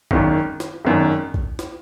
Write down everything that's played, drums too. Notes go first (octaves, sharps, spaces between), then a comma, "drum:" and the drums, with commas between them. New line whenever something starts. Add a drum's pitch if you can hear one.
G#1 F#2 D#3, drum: kick A1
drum: snare
G#1 F#2 D#3
drum: kick A1
drum: snare